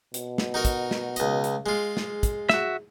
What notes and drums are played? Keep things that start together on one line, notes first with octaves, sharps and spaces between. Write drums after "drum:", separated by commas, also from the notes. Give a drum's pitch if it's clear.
B2, drum: hi-hat
drum: snare
D#4 F#4 A#4
drum: kick, hi-hat
drum: snare
C#2 D#5, drum: hi-hat
drum: hi-hat
G#3 F4 G#4
drum: snare
drum: kick, hi-hat
F#4 E5, drum: snare